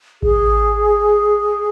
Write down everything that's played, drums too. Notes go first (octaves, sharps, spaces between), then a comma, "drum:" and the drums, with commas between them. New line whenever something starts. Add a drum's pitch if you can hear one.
G#4, drum: kick A1